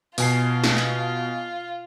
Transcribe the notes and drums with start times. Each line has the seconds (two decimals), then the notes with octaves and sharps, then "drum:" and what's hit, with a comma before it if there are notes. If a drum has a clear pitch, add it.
0.18 B2 F4 G#5 C7, drum: open hi-hat
0.64 drum: snare
0.77 drum: clap